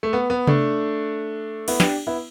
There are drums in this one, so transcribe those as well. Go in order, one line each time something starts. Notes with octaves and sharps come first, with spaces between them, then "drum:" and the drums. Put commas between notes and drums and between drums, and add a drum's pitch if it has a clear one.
A3
B3
B3
A3 D4, drum: tom C3
B3 E4, drum: cymbal
D4 G4, drum: snare
B3 E4